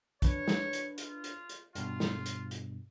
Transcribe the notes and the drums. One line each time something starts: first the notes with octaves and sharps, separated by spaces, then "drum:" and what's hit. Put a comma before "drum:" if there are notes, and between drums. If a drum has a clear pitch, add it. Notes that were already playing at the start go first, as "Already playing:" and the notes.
D4 B4 C#5, drum: kick, hi-hat
drum: snare
drum: hi-hat
F4, drum: hi-hat
drum: hi-hat
drum: hi-hat
G2 B2 F4, drum: hi-hat
drum: snare
drum: hi-hat
drum: hi-hat